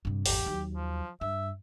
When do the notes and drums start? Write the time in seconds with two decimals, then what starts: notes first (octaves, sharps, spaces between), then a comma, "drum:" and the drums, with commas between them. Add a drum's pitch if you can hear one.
0.05 G2 C3
0.26 G#1 E2 G4, drum: open hi-hat
0.46 D#2 F#3
0.75 F3
1.21 G2 E5